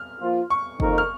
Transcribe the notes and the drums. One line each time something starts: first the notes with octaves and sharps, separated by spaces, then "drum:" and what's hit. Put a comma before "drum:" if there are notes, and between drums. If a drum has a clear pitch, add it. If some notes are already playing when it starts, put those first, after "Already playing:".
Already playing: F6
F3 A#3 F4
C#6
F2 D#3 A#3 D#4 A#4, drum: kick
F6